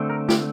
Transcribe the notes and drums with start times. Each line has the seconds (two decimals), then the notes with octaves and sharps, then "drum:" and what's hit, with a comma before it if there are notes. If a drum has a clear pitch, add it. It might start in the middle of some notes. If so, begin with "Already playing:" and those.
Already playing: D3 A3 C4
0.10 A#4
0.29 G4, drum: snare